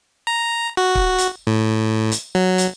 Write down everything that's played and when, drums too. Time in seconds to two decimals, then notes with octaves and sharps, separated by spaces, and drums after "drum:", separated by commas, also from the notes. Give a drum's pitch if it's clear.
0.27 A#5
0.77 F#4
0.95 drum: kick
1.18 drum: hi-hat
1.47 A2
2.12 drum: hi-hat
2.35 F#3
2.58 drum: hi-hat